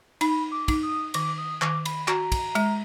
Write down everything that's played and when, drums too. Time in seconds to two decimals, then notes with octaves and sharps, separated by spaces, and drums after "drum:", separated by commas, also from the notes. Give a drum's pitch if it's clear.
0.21 D#4 B5, drum: cymbal
0.52 D6
0.68 D#4, drum: kick, cymbal
0.83 D#6
1.14 D#3 D6, drum: cymbal
1.38 D#6
1.62 D#3 D6, drum: clap
1.85 B5, drum: cymbal
2.08 F#4 A#5, drum: clap
2.32 drum: kick, cymbal
2.55 G#3, drum: cymbal